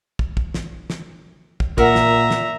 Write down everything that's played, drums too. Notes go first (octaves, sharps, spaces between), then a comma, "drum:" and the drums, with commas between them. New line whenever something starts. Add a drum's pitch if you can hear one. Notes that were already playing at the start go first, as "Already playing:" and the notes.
drum: kick
drum: kick
drum: snare
drum: snare
drum: kick
A#2 A#4 E5 F#5 A#5, drum: kick
drum: snare
drum: snare